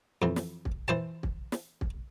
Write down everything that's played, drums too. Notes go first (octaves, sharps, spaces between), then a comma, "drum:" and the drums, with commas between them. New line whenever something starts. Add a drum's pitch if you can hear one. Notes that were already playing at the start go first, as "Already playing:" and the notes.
F2 E3
drum: snare
drum: kick
E3 C5 A5
drum: kick
drum: snare
drum: kick